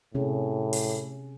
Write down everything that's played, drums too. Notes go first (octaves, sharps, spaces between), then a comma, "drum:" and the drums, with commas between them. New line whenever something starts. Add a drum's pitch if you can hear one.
A2 C3 C#4 G#4
drum: open hi-hat